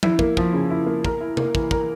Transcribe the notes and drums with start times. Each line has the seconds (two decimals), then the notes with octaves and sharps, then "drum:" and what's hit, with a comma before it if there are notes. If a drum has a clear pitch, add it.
0.03 E4, drum: tom F3
0.19 A#3, drum: kick
0.37 F3, drum: kick
0.53 C#3
0.70 E4
0.86 A#3
1.05 A#4, drum: kick
1.21 E4
1.37 A#3, drum: tom C3
1.55 E3, drum: kick
1.71 A#4, drum: kick